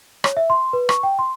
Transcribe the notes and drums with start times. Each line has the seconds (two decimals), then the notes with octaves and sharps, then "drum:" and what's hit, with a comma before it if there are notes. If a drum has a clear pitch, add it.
0.24 C#5, drum: rim click
0.37 E5
0.50 C6
0.73 B4
0.89 C#6, drum: rim click
1.03 G5
1.19 C6